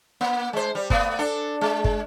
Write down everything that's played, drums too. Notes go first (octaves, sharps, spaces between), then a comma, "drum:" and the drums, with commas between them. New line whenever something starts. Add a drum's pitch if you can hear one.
A#3
G#3 C5
G3
A3 B3, drum: kick
D4 A4
G#3
drum: kick